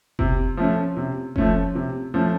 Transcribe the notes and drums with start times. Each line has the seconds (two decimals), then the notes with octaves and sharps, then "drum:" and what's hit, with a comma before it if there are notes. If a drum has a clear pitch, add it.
0.19 C3, drum: kick F1
0.57 F3 A3 C#4
0.96 C3
1.36 F3 A3 C#4, drum: kick F1
1.75 C3
2.14 F3 A3 C#4